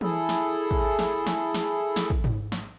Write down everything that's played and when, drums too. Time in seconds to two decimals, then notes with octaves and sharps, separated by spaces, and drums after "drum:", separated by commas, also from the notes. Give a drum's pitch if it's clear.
0.01 E4 G#4 A4, drum: tom E3
0.29 drum: snare
0.71 drum: kick
0.99 drum: snare
1.27 drum: snare
1.54 drum: snare
1.96 drum: snare
2.10 drum: kick
2.24 drum: tom G#2
2.52 drum: snare